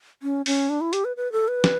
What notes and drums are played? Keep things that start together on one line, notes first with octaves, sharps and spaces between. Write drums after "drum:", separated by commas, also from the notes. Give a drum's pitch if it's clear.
C#4
C#4, drum: open hi-hat
D4
E4
G4, drum: hi-hat
B4
B4
A4
B4
drum: snare